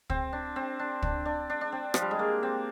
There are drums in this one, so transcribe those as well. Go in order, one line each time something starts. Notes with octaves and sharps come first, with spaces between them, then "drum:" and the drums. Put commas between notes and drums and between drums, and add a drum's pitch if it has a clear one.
C4, drum: kick
D4
C4
D4
D4, drum: kick
D4
D4
D4
C4
F3, drum: rim click
G3
G#3
A#3
C4